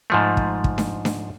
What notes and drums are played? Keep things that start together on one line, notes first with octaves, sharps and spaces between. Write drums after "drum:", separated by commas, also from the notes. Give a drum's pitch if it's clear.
G#2 F3 A3
drum: kick
drum: kick
drum: snare D4
drum: snare D4